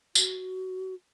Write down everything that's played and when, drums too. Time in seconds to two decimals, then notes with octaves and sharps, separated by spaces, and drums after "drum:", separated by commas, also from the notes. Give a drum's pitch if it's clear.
0.15 F#4, drum: tambourine